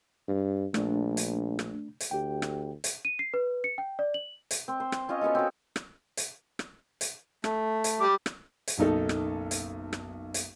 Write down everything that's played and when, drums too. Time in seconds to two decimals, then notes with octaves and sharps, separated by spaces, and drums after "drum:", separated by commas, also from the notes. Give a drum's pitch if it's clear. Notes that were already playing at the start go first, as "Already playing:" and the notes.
0.29 G2
0.74 A#1 A3 D4, drum: rim click
1.17 drum: hi-hat
1.59 drum: rim click
2.00 drum: hi-hat
2.11 D2 G4 G5
2.42 drum: rim click
2.84 drum: hi-hat
3.05 D#7
3.19 C7
3.34 B4
3.64 C#7
3.78 G5
3.99 D5
4.14 F#7
4.51 drum: hi-hat
4.68 C4
4.80 C5
4.92 drum: rim click
5.09 C#4 F4 C#5 D#5
5.21 B3 C#4 F#4 A4
5.35 C4 F#4
5.76 drum: rim click
6.17 drum: hi-hat
6.59 drum: rim click
7.01 drum: hi-hat
7.44 A3, drum: rim click
7.84 drum: hi-hat
8.00 G3 D6
8.26 drum: rim click
8.68 drum: hi-hat
8.78 F#1 B1 D#4 A4
9.09 drum: rim click
9.51 drum: hi-hat
9.93 drum: rim click
10.34 drum: hi-hat